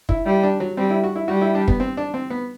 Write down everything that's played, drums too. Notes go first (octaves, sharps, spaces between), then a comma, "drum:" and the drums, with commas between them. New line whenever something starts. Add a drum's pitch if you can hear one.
E4, drum: kick
G3 E4
D4
F#3
G3 C4
E4
F#4
E4
G3 F#4
E4
D4
B3, drum: kick
C4
D4
C4
B3